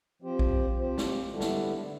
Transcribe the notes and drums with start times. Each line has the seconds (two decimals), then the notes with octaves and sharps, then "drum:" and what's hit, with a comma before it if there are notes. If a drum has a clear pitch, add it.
0.22 F3 C4 G4 C5
0.39 drum: kick A#1
0.76 F3 C4 G4 C5
0.98 drum: snare
1.30 D3 G3 B3 E4 A4
1.41 drum: snare
1.84 D3